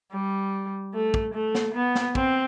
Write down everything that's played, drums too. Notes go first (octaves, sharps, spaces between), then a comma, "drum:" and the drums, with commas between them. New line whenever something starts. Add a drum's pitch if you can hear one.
G3
A3
drum: kick
A3
drum: snare
B3
drum: snare
C4, drum: kick